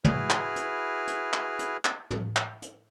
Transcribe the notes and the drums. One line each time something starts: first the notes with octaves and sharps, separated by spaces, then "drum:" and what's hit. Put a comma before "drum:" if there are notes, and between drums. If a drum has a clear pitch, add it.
E4 F#4 G#4 B4 F6, drum: tom
drum: clap
drum: hi-hat
drum: hi-hat
drum: clap
drum: hi-hat
drum: clap
drum: tom
drum: clap
drum: hi-hat